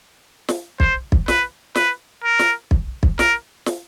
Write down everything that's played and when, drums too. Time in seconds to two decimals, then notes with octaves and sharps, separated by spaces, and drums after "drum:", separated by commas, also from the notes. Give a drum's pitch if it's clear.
0.49 drum: snare
0.80 C5, drum: kick
1.12 drum: kick
1.28 B4, drum: snare
1.75 B4, drum: snare
2.24 A#4
2.39 drum: snare
2.71 drum: kick
3.03 drum: kick
3.19 A#4, drum: snare
3.66 drum: snare